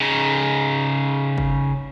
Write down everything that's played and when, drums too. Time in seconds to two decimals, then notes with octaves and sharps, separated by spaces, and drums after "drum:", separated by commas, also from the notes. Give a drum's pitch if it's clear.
0.01 C#3 D#4
1.38 drum: kick G1